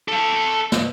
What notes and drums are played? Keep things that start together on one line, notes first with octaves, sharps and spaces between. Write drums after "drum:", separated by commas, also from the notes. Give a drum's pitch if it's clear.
A4 F5
drum: snare